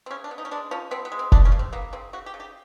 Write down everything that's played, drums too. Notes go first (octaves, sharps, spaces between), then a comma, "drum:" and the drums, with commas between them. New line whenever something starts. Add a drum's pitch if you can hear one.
C4
C#3 C#4
D4
B3
D#4
C#4
G#3 D4
F3 C#4
B3 C4
B3
G#3
C4
C#3 D4, drum: kick F1
C#4
C#3
C4
A#3 B3
C#3 C4
C#3 F#4
G4
C#3
G4